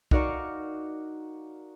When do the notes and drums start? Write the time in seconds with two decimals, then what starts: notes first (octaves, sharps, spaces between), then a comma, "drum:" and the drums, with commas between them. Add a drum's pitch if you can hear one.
0.11 D#4 F#4 A#4 D5 F5 C#6, drum: kick C2